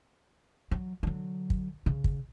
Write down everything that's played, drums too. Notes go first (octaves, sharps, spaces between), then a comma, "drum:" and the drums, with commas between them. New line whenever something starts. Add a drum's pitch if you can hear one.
F#3
D3 F#3
drum: kick
C#3
drum: kick